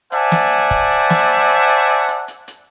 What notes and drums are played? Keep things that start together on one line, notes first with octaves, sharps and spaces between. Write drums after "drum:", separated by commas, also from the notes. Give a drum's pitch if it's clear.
C5 D5 E5 F#5 G#5 A5, drum: hi-hat
drum: snare
drum: hi-hat
drum: kick, hi-hat
drum: hi-hat
drum: snare
drum: hi-hat
drum: hi-hat
drum: hi-hat
drum: hi-hat
drum: hi-hat
drum: hi-hat